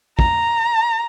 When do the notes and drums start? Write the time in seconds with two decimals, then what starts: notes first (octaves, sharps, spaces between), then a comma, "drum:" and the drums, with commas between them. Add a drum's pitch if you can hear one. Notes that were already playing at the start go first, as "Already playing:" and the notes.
0.19 A#5, drum: kick